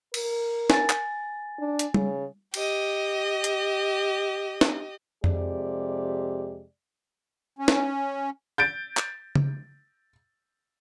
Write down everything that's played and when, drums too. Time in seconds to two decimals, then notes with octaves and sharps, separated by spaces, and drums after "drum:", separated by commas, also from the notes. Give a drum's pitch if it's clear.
0.14 A#4, drum: cymbal
0.70 G#5 A6, drum: snare
0.90 drum: clap
1.59 D4
1.79 drum: hi-hat
1.94 C#3, drum: tom G3
2.54 G4 D#5, drum: cymbal
3.44 drum: hi-hat
4.61 drum: snare
5.24 F2 C3 G#3 G4 D5, drum: tom F2
7.59 C#4
7.68 drum: snare
8.58 G6 A6 D7
8.97 drum: clap
9.35 drum: tom C#3